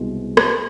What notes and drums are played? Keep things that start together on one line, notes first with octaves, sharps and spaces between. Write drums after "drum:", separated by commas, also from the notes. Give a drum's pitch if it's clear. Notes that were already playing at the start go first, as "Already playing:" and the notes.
Already playing: C2 B2 G#3
drum: rim click